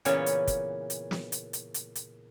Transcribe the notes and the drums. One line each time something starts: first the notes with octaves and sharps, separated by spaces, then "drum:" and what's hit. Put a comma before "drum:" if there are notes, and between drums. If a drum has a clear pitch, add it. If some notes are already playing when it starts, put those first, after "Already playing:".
A#2 C#3 E3 B3 C#4 C#5, drum: hi-hat
drum: hi-hat
drum: kick, hi-hat
drum: hi-hat
drum: snare
drum: hi-hat
drum: hi-hat
drum: hi-hat
drum: hi-hat